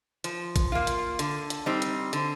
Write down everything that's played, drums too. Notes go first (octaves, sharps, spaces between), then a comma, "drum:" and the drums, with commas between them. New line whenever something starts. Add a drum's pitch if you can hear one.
F3, drum: hi-hat
drum: kick A1, hi-hat
A#3 F4
drum: hi-hat
D3, drum: hi-hat
drum: hi-hat
G3 C4 D#4
drum: hi-hat
D3, drum: hi-hat